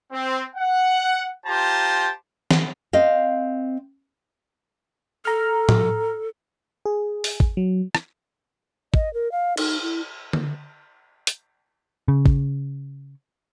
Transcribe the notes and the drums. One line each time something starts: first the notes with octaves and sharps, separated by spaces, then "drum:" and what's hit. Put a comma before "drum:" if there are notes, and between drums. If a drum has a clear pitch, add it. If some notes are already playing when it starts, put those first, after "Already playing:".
C4
F#5
F4 G4 C5 A5 A#5
drum: snare
C4 D#5 F5
A4 A#5 F6
drum: tom
G#4
drum: open hi-hat
drum: kick
F#3
drum: rim click
D#5, drum: kick
A#4
F5
D#4, drum: cymbal
E4
drum: tom D3
drum: hi-hat
C#3
drum: kick